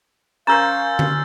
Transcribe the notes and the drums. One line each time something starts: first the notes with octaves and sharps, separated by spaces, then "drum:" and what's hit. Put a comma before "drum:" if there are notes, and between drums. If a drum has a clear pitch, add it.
C#4 A#4 C5 F5 A#5 E6 G6 A6
drum: tom D3